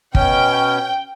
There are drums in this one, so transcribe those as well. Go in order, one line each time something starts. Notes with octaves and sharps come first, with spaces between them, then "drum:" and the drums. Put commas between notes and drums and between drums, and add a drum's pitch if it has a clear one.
B2 C#4 G5, drum: kick